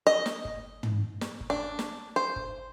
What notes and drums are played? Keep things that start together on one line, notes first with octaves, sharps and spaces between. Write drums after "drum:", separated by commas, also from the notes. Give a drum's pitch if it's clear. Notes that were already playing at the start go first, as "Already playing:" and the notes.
D#5
drum: snare
drum: kick
drum: tom
drum: snare
drum: kick
D4
drum: snare
C5
drum: kick